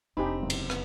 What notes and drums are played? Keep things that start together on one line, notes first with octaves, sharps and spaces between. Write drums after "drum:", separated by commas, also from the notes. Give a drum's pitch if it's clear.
F1 C4 D4 D#4 G4 G#5 B5
F#1 E2
drum: cymbal
B3, drum: rim click